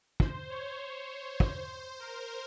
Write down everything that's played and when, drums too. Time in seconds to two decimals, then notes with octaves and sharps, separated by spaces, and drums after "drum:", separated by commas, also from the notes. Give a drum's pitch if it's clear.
0.20 C5, drum: kick
0.50 C#5
0.80 C5
1.40 C5, drum: kick
2.00 A#4